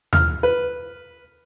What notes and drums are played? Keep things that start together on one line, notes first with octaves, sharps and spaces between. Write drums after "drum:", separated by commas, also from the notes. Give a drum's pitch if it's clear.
F6, drum: tom D#2
B4